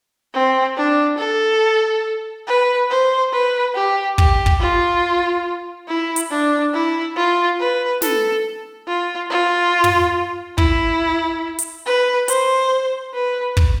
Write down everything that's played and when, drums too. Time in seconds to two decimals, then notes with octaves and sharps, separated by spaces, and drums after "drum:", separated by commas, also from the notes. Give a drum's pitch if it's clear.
0.34 C4
0.77 D4
1.19 A4
2.47 B4
2.90 C5
3.32 B4
3.75 G4
4.18 G4, drum: kick
4.46 drum: kick
4.60 F4
5.88 E4
6.16 drum: hi-hat
6.31 D4
6.73 E4
7.16 F4
7.59 B4
8.02 A4, drum: snare
8.88 F4
9.30 F4
9.84 drum: tom
10.58 E4, drum: kick
11.59 drum: hi-hat
11.86 B4
12.28 C5, drum: hi-hat
13.14 B4
13.57 drum: kick